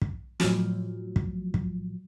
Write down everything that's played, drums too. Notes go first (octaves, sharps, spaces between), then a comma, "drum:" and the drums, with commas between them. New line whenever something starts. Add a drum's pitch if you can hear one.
drum: kick
A2 F3 F#3, drum: snare
drum: kick
drum: kick